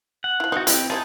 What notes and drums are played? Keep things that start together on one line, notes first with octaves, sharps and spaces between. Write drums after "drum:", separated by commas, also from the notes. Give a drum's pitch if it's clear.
F#5
F3 E4
C4 C#4 D#4 E4 F#4
C4 E4 G4 D#5, drum: hi-hat
G3 C4 D#4 E4 G#4 A5